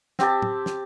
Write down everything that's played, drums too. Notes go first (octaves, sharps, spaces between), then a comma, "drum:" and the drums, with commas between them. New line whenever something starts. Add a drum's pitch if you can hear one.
C4 G4 A5, drum: snare
drum: tom A2
drum: snare